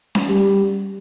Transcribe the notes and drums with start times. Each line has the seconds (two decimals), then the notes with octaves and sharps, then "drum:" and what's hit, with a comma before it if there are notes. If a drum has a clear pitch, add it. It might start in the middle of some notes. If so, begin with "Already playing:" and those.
0.15 drum: snare C#4
0.29 G3